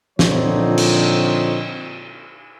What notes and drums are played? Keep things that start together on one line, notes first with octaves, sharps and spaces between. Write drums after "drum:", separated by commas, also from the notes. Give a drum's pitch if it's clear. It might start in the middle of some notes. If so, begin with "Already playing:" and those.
A#2 D3 F3 C4 D#4 C#5, drum: snare
drum: cymbal